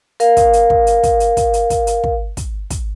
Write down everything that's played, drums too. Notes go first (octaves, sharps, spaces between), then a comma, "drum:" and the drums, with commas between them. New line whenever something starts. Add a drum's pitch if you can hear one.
A#4 F5, drum: hi-hat
drum: kick, hi-hat
drum: hi-hat
drum: kick
drum: hi-hat
drum: kick, hi-hat
drum: hi-hat
drum: kick, hi-hat
drum: hi-hat
drum: kick, hi-hat
drum: hi-hat
drum: kick
drum: kick, hi-hat
drum: kick, hi-hat